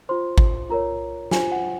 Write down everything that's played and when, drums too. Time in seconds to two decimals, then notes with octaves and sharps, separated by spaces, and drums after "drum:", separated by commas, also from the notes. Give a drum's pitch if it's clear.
0.09 F4 C5 C6
0.38 drum: kick G#1
0.70 F4 A#4 C#5 A#5
1.31 F4 C5 G#5, drum: snare
1.52 F#5